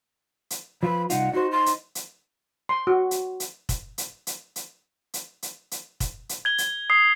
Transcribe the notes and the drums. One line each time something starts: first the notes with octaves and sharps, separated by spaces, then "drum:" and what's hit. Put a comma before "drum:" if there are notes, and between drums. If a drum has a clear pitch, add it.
drum: hi-hat
F3 F4 B4 B5
C2 D#4 F4 F#5, drum: hi-hat
D#4 F#4 C5
C6
drum: hi-hat
drum: hi-hat
C6
F#4
drum: hi-hat
drum: hi-hat
drum: kick, hi-hat
drum: hi-hat
drum: hi-hat
drum: hi-hat
drum: hi-hat
drum: hi-hat
drum: hi-hat
drum: kick, hi-hat
drum: hi-hat
G#6 G7
drum: hi-hat
D#6 C7